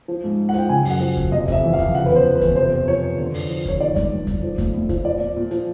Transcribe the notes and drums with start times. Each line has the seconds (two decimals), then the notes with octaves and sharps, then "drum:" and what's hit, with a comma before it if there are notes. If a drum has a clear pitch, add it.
0.08 F3
0.24 G#2
0.38 G#2
0.49 F#5
0.54 F3 G5, drum: hi-hat
0.69 C#3 G#5
0.85 F#2, drum: open hi-hat
0.90 F#5
1.00 F3
1.17 F#2, drum: kick E2, hi-hat
1.32 C3 D#5
1.48 F2 E5, drum: kick E2, hi-hat
1.64 E3
1.73 F5
1.79 F2, drum: kick E2, hi-hat
1.95 C#3 F#5
2.06 E2 B4
2.15 C5
2.25 F3
2.35 B4
2.41 E2, drum: kick E2, hi-hat
2.56 C3 C5
2.71 F2
2.87 F3 C#5
3.03 F2
3.18 D3
3.34 F2, drum: open hi-hat
3.50 F3
3.65 F2 C#5, drum: kick E2, hi-hat
3.80 D#3 D5
3.96 G2, drum: kick E2, hi-hat
4.12 G2
4.27 D#3, drum: kick E2, hi-hat
4.42 F3
4.58 A2, drum: kick E2, hi-hat
4.74 A2
4.89 F3, drum: kick E2, hi-hat
5.05 F3 D5
5.21 A#2
5.36 A#2
5.51 F3, drum: hi-hat